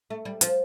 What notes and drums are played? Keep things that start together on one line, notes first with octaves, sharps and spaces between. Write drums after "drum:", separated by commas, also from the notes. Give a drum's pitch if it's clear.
A3
G3
F3, drum: hi-hat